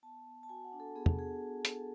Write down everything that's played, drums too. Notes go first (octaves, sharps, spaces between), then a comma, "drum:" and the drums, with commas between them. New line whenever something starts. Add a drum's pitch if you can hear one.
B3 A5
B3
A5
F#4 G#5
F#5
D4
A4
B3 G#4
drum: tom
B3 G#4
F#4
D4 A4, drum: hi-hat